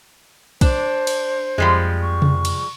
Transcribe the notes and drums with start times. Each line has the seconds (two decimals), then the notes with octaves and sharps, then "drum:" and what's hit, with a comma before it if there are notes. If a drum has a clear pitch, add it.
0.61 D4 C5, drum: kick, cymbal
1.07 drum: cymbal
1.58 F2 F3 G3 G#3
2.02 C#6
2.22 drum: tom C3
2.45 drum: cymbal